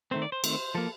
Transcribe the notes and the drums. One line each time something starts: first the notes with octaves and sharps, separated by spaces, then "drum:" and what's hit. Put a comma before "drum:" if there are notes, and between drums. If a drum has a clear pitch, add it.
D#3 A3 C4 C5
D5
C5
D#3 A3 C4, drum: cymbal
F3 A#3 A4